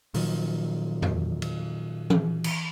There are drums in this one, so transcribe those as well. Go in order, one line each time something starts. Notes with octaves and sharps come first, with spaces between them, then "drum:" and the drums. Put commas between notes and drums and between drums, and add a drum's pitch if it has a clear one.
A#2 D#3 F3 F#3, drum: open hi-hat
drum: tom E2
drum: cymbal
drum: tom E3
drum: cymbal